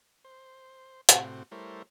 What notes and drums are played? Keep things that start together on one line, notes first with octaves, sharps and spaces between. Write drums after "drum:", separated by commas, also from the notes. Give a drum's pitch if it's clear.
C5
A2 C3 C4 F#4, drum: hi-hat
G3 A3 E4 A#4 C5 C#5